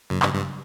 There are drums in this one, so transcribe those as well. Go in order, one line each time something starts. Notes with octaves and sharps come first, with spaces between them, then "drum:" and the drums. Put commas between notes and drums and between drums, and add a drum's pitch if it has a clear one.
F#2 C#3 F#3 A#3
G2, drum: clap
G2